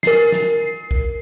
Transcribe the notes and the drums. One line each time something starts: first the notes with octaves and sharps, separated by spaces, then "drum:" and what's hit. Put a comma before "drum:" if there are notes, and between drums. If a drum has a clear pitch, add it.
A#4 C7, drum: snare
drum: snare
drum: kick A#1